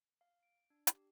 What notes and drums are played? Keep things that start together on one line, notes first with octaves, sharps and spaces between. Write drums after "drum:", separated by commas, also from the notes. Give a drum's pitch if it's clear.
F5
D7
D4
G4, drum: hi-hat